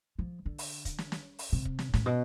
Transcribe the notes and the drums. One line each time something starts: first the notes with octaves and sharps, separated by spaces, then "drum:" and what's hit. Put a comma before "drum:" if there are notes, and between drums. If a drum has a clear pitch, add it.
F3
D3
drum: open hi-hat
drum: kick, hi-hat
drum: snare
drum: snare
drum: open hi-hat
C3
drum: kick
drum: snare
A2, drum: snare
B2